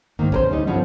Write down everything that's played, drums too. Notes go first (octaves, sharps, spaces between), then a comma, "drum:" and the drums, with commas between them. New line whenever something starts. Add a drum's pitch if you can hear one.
G#2 D#3 A#3
C#4 A#4 C5, drum: kick
D2 G3 D#4
G2 D3 F3 B3 C#4